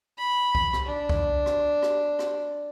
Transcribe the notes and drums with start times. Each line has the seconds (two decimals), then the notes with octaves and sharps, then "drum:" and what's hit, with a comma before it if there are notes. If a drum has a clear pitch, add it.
0.18 B5
0.55 drum: kick B1
0.73 drum: rim click
0.85 D4
1.09 drum: kick B1
1.46 drum: rim click
1.82 drum: rim click
2.19 drum: rim click